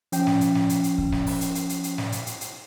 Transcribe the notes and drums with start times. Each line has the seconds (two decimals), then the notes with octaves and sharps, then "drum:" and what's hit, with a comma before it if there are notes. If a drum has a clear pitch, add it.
0.12 F3 C#4 G5, drum: hi-hat
0.27 drum: snare
0.41 drum: hi-hat
0.55 drum: snare
0.69 drum: hi-hat
0.84 drum: hi-hat
0.98 drum: kick
1.12 drum: snare
1.27 drum: open hi-hat
1.41 drum: hi-hat
1.55 drum: hi-hat
1.69 drum: hi-hat
1.84 drum: hi-hat
1.98 drum: snare
2.12 drum: hi-hat
2.27 drum: hi-hat
2.41 drum: hi-hat